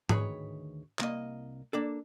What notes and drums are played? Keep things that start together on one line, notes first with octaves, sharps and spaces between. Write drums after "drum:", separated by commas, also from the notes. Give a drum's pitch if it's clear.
D2 D#3 G#4 B4 C#5, drum: tom G#2
C2 A#3 D#5, drum: clap
A#3 D4 A4